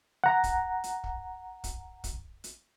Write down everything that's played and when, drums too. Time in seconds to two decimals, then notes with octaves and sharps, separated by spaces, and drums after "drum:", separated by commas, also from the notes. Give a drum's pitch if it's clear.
0.24 F#5 A#5
0.44 drum: kick, hi-hat
0.84 drum: hi-hat
1.04 drum: kick
1.64 drum: kick, hi-hat
2.04 drum: kick, hi-hat
2.44 drum: hi-hat